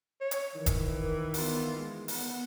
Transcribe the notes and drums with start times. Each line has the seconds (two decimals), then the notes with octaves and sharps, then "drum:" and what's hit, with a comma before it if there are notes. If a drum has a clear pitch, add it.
0.21 C#5
0.31 drum: hi-hat
0.56 D#3 E3
0.66 drum: kick E1, hi-hat
1.01 A#4
1.34 B3 F4, drum: open hi-hat
1.78 G#3
2.08 B3 F#5, drum: open hi-hat